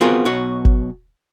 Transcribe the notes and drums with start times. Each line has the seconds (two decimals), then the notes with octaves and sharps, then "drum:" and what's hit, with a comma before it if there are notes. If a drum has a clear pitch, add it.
0.01 B3 C4 F4 F#4 G#4 A#4
0.25 B1 B2 F#4 C#5
0.65 drum: kick G#1